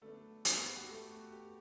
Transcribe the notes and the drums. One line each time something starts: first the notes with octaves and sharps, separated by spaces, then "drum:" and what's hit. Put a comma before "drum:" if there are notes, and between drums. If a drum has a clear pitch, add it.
D3 F#3 A3 B3 D4 A4
B3 B4, drum: hi-hat
F#4
G4
A3 A4
F#4
G4